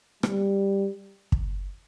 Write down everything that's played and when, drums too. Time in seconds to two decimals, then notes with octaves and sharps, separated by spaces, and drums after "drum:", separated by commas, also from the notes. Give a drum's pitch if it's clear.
0.23 G3, drum: rim click
1.32 drum: kick